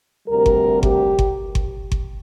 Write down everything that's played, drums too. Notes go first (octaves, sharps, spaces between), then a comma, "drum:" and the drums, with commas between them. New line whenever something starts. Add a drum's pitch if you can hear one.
D2 C3 G3 A#4
drum: kick G1
G4, drum: kick G1
drum: kick G1
drum: kick G1
drum: kick G1